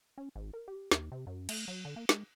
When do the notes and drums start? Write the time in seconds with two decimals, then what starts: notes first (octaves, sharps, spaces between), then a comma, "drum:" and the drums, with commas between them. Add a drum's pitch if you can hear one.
0.18 C#4
0.36 G#1
0.53 A#4
0.68 G4
0.91 D#2, drum: snare
1.12 C3
1.27 F#2
1.49 A3, drum: cymbal
1.68 F#3
1.85 D3
1.96 A#3
2.09 G#3, drum: snare